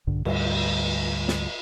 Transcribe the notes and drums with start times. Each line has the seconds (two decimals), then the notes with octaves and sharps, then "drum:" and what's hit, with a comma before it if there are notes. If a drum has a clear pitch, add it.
0.07 A#1 G2 D3
0.25 D2 G#2 G3, drum: cymbal
1.28 drum: snare